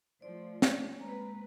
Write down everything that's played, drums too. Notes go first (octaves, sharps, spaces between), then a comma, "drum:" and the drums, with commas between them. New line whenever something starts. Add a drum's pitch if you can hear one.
F3 A3 C5 D5
C#4, drum: snare
G#3 A#3 C4 B4 A#5